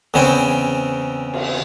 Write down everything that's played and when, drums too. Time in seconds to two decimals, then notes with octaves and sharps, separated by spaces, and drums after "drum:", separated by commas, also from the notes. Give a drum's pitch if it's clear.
0.14 E2 C#3 C4 E4
1.34 drum: cymbal